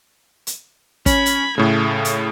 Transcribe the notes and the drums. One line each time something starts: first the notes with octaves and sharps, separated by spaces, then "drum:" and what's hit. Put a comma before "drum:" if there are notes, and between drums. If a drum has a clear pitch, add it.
drum: hi-hat
C#4 B5 G#6, drum: kick, hi-hat
drum: hi-hat
A2 C#3 A3
drum: hi-hat